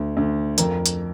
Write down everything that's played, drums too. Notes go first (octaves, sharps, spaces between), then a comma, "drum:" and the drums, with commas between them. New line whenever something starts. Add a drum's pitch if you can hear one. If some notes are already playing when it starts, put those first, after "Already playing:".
Already playing: D2
D2
F2 A#4, drum: hi-hat
drum: hi-hat